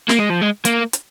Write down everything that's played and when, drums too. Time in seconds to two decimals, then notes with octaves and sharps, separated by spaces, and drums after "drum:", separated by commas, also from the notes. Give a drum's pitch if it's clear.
0.09 A#3, drum: snare
0.20 G#3
0.30 F3
0.41 G#3
0.65 A#3, drum: hi-hat
0.93 drum: hi-hat